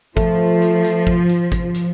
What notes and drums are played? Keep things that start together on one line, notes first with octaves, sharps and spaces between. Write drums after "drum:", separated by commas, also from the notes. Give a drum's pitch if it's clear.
F3 A3, drum: kick, hi-hat
drum: hi-hat
drum: hi-hat
drum: kick
drum: hi-hat
drum: kick, hi-hat
drum: hi-hat